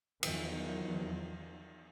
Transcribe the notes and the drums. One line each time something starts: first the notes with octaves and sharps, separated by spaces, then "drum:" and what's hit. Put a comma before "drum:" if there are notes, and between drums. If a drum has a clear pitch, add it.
E2 D#3 F3 F#3, drum: cymbal